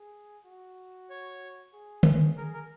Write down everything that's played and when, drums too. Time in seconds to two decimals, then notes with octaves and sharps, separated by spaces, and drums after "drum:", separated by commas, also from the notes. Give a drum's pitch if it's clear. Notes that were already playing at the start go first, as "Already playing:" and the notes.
Already playing: G#4
0.46 F#4
1.10 C#5
1.74 G#4
2.03 drum: tom D3
2.37 G#4 A#4
2.54 A#4